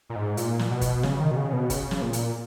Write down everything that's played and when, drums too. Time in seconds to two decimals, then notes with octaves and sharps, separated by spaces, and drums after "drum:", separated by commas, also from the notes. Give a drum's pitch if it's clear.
0.10 A#2
0.16 G#2
0.37 A#2, drum: hi-hat
0.59 drum: snare
0.71 B2
0.81 drum: kick G1, hi-hat
1.03 C#3, drum: snare
1.20 D#3
1.31 B2
1.37 C#3
1.53 B2
1.70 C#3, drum: kick G1, hi-hat
1.91 drum: snare
2.02 A#2
2.13 drum: hi-hat